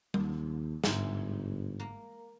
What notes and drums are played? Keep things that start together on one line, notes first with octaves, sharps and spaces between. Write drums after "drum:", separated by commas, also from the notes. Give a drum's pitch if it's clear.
D#2, drum: tom G3
G1 G#2 E5, drum: snare
A#3